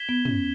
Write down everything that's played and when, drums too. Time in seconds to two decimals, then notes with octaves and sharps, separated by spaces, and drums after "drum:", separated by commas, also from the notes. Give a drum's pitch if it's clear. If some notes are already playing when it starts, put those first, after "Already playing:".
Already playing: G#6 B6 E7 G7
0.09 B3
0.25 C#4, drum: tom